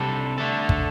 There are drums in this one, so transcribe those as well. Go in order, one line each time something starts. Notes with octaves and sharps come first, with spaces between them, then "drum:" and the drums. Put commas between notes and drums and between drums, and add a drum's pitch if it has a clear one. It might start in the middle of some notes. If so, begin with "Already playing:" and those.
Already playing: C2 C3 G3 D4 A4
D3 A3 D4 A4
drum: kick